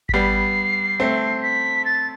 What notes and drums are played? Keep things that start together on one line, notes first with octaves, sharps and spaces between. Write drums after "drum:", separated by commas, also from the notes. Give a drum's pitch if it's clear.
B6, drum: kick G#1
G3 B3 C7
A3 C4
B6
A6